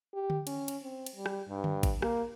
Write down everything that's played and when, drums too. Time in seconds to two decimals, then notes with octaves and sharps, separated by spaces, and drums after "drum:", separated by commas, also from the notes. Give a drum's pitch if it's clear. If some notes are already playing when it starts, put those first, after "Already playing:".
0.14 G4
0.30 drum: tom D3
0.47 C#4, drum: cymbal
0.68 drum: cymbal
0.83 C4
1.06 drum: cymbal
1.16 G3
1.26 drum: rim click
1.49 G2
1.64 drum: tom D3
1.83 drum: kick G#1, cymbal
2.02 A#3, drum: rim click